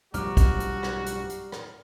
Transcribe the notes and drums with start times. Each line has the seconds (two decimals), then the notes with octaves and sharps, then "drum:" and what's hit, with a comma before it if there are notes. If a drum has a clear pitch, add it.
0.14 B1 G2 F3 G3 F#4 A#5 D6 F6, drum: hi-hat
0.37 drum: kick, hi-hat
0.60 drum: hi-hat
0.83 drum: rim click
1.06 drum: hi-hat
1.29 drum: hi-hat
1.52 drum: rim click